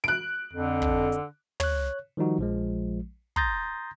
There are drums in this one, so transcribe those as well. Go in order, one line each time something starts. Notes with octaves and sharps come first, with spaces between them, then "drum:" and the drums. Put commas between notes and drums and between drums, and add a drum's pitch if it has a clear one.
F#6 D7
F2 D3
drum: kick
drum: hi-hat
C#5 F#6, drum: tom
D#3 F3 G3 D#4 F#4
A#1 F3 G#3
A#5 C6 D#6 G6 A6 A#6, drum: kick